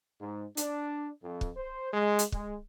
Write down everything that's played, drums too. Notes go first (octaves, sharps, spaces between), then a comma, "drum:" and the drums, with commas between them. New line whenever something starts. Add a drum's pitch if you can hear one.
G#2
D4, drum: hi-hat
F2
drum: kick
C5
G#3
drum: hi-hat
G#3, drum: kick